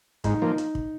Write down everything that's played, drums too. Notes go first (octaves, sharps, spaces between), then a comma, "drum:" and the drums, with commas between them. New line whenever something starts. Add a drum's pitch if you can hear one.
G#2 D#4, drum: kick, hi-hat
F3 A#3
drum: hi-hat
drum: kick